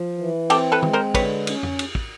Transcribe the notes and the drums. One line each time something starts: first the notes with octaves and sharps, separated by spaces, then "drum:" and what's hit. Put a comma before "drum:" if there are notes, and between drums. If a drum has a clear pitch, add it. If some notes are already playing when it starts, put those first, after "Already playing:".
Already playing: F3
E3
C4 G4 A4, drum: cymbal
A4 B4
G#3, drum: tom
A#4 C5
D3 B4 C#5, drum: kick, cymbal
C#4, drum: cymbal
drum: tom F2
drum: cymbal
drum: kick